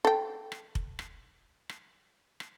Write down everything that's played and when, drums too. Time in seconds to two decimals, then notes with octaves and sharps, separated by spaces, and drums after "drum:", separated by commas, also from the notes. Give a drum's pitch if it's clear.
0.05 A4 G5
0.52 drum: rim click
0.75 drum: kick F1
0.99 drum: rim click
1.69 drum: rim click
2.40 drum: rim click